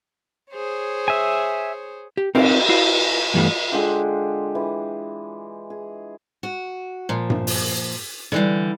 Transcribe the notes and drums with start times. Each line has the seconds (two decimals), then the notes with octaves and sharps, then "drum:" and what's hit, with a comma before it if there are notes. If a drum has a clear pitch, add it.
0.52 G#4 C5 C#5
1.08 E5 G#5
2.17 G4
2.35 C4 D#4 A#4 D5 F5, drum: cymbal
2.69 E4 F#4 F5
3.34 G2 E3 G3 A3 B3 F5
3.72 D3 G#3 F4 G4
4.55 E3
5.70 G#4
6.43 F#4
7.09 A#2 F3
7.30 drum: tom G2
7.47 drum: open hi-hat
8.32 D3 E3 G3